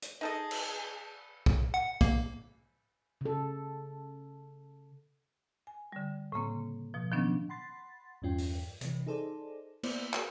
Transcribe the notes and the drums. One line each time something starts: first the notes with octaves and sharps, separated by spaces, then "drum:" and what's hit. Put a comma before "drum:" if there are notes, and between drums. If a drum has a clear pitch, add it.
drum: hi-hat
D#4 G#4 A4 D#5 A5
drum: cymbal
drum: kick
F#5
A#3, drum: kick
C#3 A4
G#5
D3 G3
A2 C#3 A#3 C4
B2 F3
D#3 F3 F#3 B3 C#4 D4
F#5 B5 C6 A6
E2 G2 C#4 F4 G5
drum: open hi-hat
C3 E3, drum: hi-hat
D#4 G#4 A4 C5 D5
A#3 B3 E4 C5 D5, drum: cymbal
F#4 G#4 A#4 C#5, drum: clap